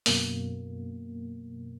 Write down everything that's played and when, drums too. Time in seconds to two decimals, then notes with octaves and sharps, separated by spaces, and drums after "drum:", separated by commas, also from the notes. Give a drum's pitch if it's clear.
0.06 F#2 B2 A#3, drum: open hi-hat